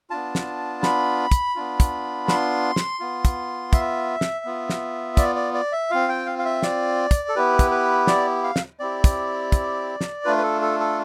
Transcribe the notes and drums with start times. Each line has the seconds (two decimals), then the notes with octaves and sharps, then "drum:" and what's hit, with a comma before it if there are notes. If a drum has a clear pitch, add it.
0.10 B3 D4 F4 A5
0.35 drum: snare
0.83 B5, drum: snare
1.31 drum: kick, hi-hat
1.56 B3 D4 F4
1.80 drum: kick, hi-hat
2.28 C6, drum: snare
2.76 drum: snare
3.00 B3 F4
3.25 drum: kick, hi-hat
3.73 E5, drum: kick, hi-hat
4.21 drum: snare
4.45 B3 F4
4.69 drum: snare
5.17 D5, drum: kick, hi-hat
5.36 D5
5.54 D5
5.72 E5
5.90 C4 F4 F5
6.08 G5
6.26 F5
6.39 F5
6.45 E5
6.62 D5, drum: snare
7.11 drum: kick, hi-hat
7.29 A4
7.36 B3 E4 G4 B4
7.59 drum: kick, hi-hat
7.71 B4
8.07 D5, drum: snare
8.43 F5
8.56 drum: snare
8.80 C4 E4 G4 D5
9.04 drum: kick, hi-hat
9.52 drum: kick, hi-hat
10.01 drum: snare
10.24 A3 D4 F4 B4
10.38 B4
10.42 A4
10.62 A4
10.80 A4